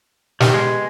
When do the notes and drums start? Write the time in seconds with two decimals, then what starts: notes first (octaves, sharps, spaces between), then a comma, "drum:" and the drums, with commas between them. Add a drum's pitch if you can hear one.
0.41 D#3 B3 G4, drum: snare
0.54 G#3